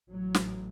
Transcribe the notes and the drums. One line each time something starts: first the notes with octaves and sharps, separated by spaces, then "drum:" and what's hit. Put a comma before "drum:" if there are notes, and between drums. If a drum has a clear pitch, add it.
A1 A2 F#3
drum: snare